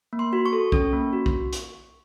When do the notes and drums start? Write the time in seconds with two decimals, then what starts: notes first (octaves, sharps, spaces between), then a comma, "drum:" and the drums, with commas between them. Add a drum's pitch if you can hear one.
0.13 A#3
0.19 C6
0.33 F#4
0.46 C#6
0.53 A4
0.72 C#4, drum: kick B1
0.93 A#3
1.13 F#4
1.26 drum: kick B1
1.53 drum: hi-hat